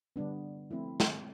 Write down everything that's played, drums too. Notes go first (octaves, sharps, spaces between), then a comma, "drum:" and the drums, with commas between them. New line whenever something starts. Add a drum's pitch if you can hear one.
D3 G3 B3 D4
F3 A3 C4 E4
drum: snare